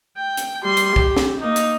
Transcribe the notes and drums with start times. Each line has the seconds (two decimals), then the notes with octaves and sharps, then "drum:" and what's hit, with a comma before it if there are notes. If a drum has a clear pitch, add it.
0.18 G5
0.37 drum: hi-hat
0.63 G3 C6
0.77 drum: hi-hat
0.96 G4, drum: kick
1.16 drum: snare
1.41 A#3 D#4
1.56 drum: hi-hat